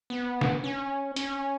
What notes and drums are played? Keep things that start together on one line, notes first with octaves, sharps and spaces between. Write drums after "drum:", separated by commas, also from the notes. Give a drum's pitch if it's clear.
B3
drum: snare
C#4
C#4, drum: hi-hat